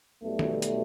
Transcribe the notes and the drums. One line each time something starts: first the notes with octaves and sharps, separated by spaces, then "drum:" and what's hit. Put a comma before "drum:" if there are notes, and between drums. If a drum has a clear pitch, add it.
B1 B2 G3 A3
drum: tom D#3
drum: hi-hat